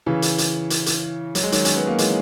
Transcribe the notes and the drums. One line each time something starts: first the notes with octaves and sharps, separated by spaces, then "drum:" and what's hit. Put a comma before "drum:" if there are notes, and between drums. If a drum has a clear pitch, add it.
C#3 E3
drum: hi-hat
drum: hi-hat
drum: hi-hat
drum: hi-hat
F#3, drum: hi-hat
G#3
D#3 F#3, drum: hi-hat
C#4, drum: hi-hat
B3
A#3
E3 G#3, drum: hi-hat